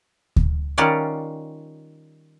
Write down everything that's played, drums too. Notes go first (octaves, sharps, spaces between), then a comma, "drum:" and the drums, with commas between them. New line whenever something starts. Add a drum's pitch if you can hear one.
drum: kick D2
D#3 G3 C#4 F4 D5 F#5